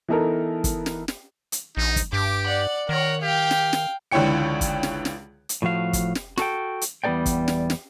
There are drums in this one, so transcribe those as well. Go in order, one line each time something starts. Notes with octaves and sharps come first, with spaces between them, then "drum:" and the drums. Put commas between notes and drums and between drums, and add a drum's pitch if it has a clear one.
E3 B3 D#4 A4 A#4 A#5
drum: kick, hi-hat
drum: snare
drum: snare
drum: hi-hat
A#1 D#4
drum: kick, hi-hat
G2 G4 D6
D5 F#5
D#3 A#4 C#5 F#5
G4 F5 G5
drum: snare
drum: snare
C#2 D3 E3 C#5 G5 C#7
drum: kick, hi-hat
drum: snare
drum: snare
drum: hi-hat
A2 F3 F#4 F5
drum: kick, hi-hat
drum: snare
F#4 A4 G5, drum: snare
drum: hi-hat
E2 G3 B3 A4 D5 G5
drum: kick, hi-hat
drum: snare
drum: snare